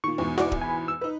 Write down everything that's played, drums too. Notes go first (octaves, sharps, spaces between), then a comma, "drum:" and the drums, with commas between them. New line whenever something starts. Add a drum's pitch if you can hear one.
A#2 D#3 C#6
E2 G#2 B2
F#4 D5 D6, drum: snare E4
drum: kick D1
G#5 B5
E6
D#4 B4